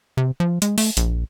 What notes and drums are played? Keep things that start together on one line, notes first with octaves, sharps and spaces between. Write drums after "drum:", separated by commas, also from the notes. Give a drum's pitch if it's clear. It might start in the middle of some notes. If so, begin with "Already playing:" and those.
C3
F3
G#3, drum: hi-hat
A3, drum: open hi-hat
A#1, drum: hi-hat